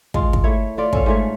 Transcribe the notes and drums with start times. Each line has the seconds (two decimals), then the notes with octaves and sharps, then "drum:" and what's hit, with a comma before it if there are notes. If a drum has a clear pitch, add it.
0.14 G#3 F4, drum: kick
0.33 drum: kick
0.44 A3 E4 C#5
0.77 A3 F4 D5
0.93 C#4 A4 F5, drum: kick
1.06 G#2 A3 C#5